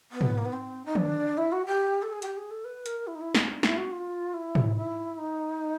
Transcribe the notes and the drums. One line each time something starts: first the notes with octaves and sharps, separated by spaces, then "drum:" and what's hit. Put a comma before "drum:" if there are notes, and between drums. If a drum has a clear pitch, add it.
B3
drum: tom
A#3
B3
C4
D#4
D4, drum: tom
E4
F#4
G4
A4
G#4
G4, drum: hi-hat
G#4
A4
B4
A#4, drum: hi-hat
E4
D#4
E4
D#4, drum: snare
C#4
D4
E4, drum: snare
F#4
F4
E4
drum: tom
E4
D#4